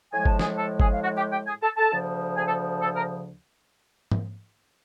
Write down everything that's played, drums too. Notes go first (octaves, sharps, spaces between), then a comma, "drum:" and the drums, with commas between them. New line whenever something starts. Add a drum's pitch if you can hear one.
A2 F3 G#3 G#5
A5, drum: kick G1
G#4 G#5, drum: snare
A4 A5
G#4 G#5, drum: kick G1
F5
F#4 F#5
G4 G5
G4 G5
G#4 G#5
A4 A5
A4 A5
D2 C#3 F3
G#4 G#5
A4 A5
A4 A5
A#4 A#5
drum: tom G#2